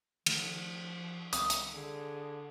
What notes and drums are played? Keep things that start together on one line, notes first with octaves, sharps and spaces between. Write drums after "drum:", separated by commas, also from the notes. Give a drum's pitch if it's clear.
D#3 F3 A3, drum: cymbal
C2 D#3 D#6 E6, drum: hi-hat
drum: hi-hat
D3 G#4